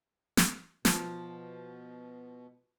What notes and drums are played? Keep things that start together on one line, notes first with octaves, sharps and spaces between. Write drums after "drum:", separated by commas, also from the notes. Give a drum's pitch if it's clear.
drum: snare
B2 F3, drum: snare